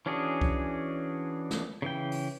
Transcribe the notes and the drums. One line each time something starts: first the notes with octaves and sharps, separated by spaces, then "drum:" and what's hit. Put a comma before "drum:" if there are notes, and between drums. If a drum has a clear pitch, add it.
E3 C#4 D4 F#4 G#4
drum: kick C2
drum: snare
C#3 E3 G5
drum: open hi-hat